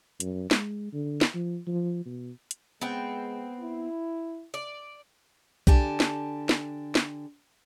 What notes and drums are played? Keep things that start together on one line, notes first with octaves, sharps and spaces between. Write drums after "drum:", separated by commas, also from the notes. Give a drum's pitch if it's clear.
F#2, drum: hi-hat
G#3, drum: snare
D3
drum: snare
F3
F3
B2
drum: hi-hat
G#3 B3 C4 G5
E4
D5
D3 G4 G#5 A5, drum: kick B1
drum: snare
drum: snare
drum: snare